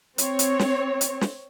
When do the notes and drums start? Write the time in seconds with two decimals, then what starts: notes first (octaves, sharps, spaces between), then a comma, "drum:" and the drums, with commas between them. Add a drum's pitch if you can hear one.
0.18 C4 C#5, drum: hi-hat
0.39 drum: hi-hat
0.59 drum: snare
1.01 drum: hi-hat
1.21 drum: snare